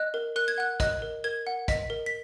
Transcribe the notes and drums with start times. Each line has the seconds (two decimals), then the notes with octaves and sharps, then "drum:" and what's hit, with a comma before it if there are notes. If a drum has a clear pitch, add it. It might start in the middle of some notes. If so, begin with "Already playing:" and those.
Already playing: D#5 F#6
0.14 A#4
0.36 A#4 F#6
0.48 G#6
0.58 F#5 F#6
0.80 D#5 F#6, drum: kick, hi-hat
1.02 A#4
1.24 A#4 G#6
1.47 F#5
1.68 D#5 B6, drum: kick, hi-hat
1.90 A#4
2.06 B6